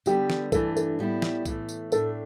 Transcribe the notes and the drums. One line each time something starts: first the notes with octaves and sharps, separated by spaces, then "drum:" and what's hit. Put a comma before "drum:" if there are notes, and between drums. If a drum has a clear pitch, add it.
D3 G3 B3 G4, drum: tambourine
drum: snare
G2 E3 A3 D4 A4, drum: kick B1, tambourine
A4, drum: tambourine
A2 G3 B3 E4
drum: snare
A2 E3 A3, drum: kick B1, tambourine
drum: tambourine
A2 A3 D4 A4, drum: tambourine